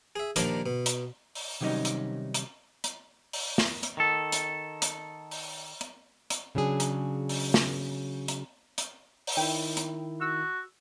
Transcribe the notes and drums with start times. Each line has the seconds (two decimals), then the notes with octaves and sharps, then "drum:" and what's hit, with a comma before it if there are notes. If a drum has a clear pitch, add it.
0.16 G#4 E5
0.36 D#2 A#2 D#3 F3 A#3 D4, drum: hi-hat
0.66 B2
0.86 drum: hi-hat
1.35 drum: open hi-hat
1.61 C3 D#3 F#3 G3 C#4 D#4
1.85 drum: hi-hat
2.34 drum: hi-hat
2.84 drum: hi-hat
3.33 drum: open hi-hat
3.58 drum: snare
3.83 drum: hi-hat
3.97 D#3 A4
4.32 drum: hi-hat
4.82 drum: hi-hat
5.31 drum: open hi-hat
5.81 drum: hi-hat
6.30 drum: hi-hat
6.55 C#3 F#3 D4 G#4
6.80 drum: hi-hat
7.29 drum: open hi-hat
7.54 drum: snare
8.28 drum: hi-hat
8.78 drum: hi-hat
9.27 drum: open hi-hat
9.37 D#3 E4 G5
9.77 drum: hi-hat
10.21 F#4 E6